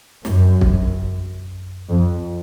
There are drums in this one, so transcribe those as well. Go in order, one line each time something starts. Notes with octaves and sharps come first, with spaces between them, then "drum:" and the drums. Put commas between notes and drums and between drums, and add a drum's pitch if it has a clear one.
F#2, drum: snare
drum: kick
F2